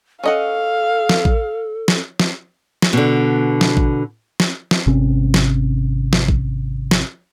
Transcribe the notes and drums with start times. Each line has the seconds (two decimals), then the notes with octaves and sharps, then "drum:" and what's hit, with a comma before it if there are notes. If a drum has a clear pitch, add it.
0.24 C#4 A4 D#5 F5 F#5
1.09 drum: snare
1.25 drum: kick A1
1.88 drum: snare
2.20 drum: snare
2.82 drum: snare
2.93 B2 D3
3.61 drum: snare
3.77 drum: kick A1
4.40 drum: snare
4.71 drum: snare
4.87 G#1 C3 C4 C#4
5.34 drum: snare
6.13 drum: snare
6.28 drum: kick A1
6.91 drum: snare